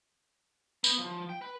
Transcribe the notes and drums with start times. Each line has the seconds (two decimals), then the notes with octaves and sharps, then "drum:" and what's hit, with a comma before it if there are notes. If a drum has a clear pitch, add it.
0.84 B3, drum: tambourine
0.98 F3
1.29 G5
1.42 B4